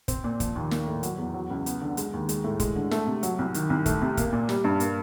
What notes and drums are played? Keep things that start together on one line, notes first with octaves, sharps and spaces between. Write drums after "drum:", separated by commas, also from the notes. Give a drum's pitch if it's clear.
C4, drum: kick, hi-hat
A#2
F3, drum: kick, hi-hat
D#2
A#3, drum: snare
A2
F#3, drum: hi-hat
E2
F#3
C#2
B3, drum: hi-hat
D3
G#3, drum: hi-hat
D#2
G#3, drum: hi-hat
A2
G#3, drum: kick, hi-hat
D3
A3, drum: snare
C3
F#3, drum: hi-hat
C2
D#3, drum: hi-hat
C2
A3, drum: kick, hi-hat
C3
A#3, drum: kick, hi-hat
A#2
G3, drum: snare
G2
A#3, drum: hi-hat